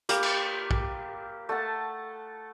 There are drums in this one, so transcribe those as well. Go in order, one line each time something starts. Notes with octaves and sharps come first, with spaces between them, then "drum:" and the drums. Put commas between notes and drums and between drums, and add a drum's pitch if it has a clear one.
A#3 G4 B4 F5, drum: hi-hat
drum: cymbal
drum: kick
A3 F#5 A5